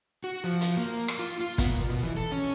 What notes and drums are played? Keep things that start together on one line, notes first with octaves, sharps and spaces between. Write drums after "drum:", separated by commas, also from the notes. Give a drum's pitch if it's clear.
F#4
F3
drum: hi-hat
A#3
drum: rim click
F4
F4
B3, drum: kick, hi-hat
A#2
B2
E3
A4
C#4